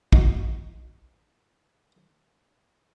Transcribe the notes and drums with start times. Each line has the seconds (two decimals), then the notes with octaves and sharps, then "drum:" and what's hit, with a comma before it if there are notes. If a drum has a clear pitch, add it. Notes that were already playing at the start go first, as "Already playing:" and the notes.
0.13 D#4 F#4, drum: kick